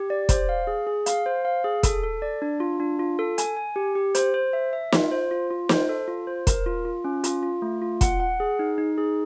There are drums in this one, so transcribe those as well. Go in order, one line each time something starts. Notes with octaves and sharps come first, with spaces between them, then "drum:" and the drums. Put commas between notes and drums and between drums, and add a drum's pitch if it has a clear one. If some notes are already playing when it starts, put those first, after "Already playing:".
Already playing: G4
D5
C5, drum: kick, hi-hat
F5
G#4
G#4
F5, drum: hi-hat
C5
F5
G#4
A4, drum: kick, hi-hat
A4
D5
D4
F4
D4
F4
A4
G#5, drum: hi-hat
G#5
G4
G4
C5, drum: hi-hat
C5
E5
E5
F4, drum: snare
C5
F4
F4
C5, drum: snare
A4
F4
C5
A#4, drum: kick, hi-hat
F4
F4
C#4
F4, drum: hi-hat
F4
A3
F4
F#5, drum: kick, hi-hat
F#5
G#4
D#4
D#4
G#4